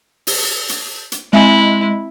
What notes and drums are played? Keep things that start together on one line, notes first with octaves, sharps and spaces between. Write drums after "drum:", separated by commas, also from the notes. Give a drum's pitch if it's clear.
drum: open hi-hat
drum: hi-hat
drum: hi-hat
G#3 C4 E4 E5 G#5